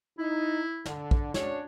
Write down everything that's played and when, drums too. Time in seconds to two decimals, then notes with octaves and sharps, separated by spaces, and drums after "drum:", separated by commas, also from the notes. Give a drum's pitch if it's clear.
0.18 D#4 E4
0.86 D3, drum: snare
1.11 drum: kick A#1
1.34 C#4 D4 F#4 C#5, drum: snare